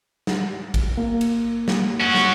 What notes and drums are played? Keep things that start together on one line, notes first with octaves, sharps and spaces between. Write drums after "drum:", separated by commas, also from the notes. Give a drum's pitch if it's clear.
drum: snare
drum: kick A1, cymbal
A#3
drum: cymbal
drum: snare
C#4 F#4
drum: snare